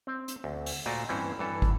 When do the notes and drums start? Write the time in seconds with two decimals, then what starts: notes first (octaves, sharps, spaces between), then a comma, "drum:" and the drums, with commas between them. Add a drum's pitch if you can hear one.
0.07 C4
0.28 drum: hi-hat
0.44 D2
0.66 drum: open hi-hat
0.86 A#2 A3 F#4 C5 D5 D#5
1.09 G2 E3 C4 C#4
1.39 G2 E3 A4
1.62 drum: kick